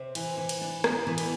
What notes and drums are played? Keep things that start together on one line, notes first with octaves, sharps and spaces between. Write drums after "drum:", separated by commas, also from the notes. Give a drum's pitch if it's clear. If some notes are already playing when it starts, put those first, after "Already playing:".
Already playing: C3 C5
E3, drum: cymbal
E3
drum: cymbal
D4
B3, drum: rim click
E3
drum: cymbal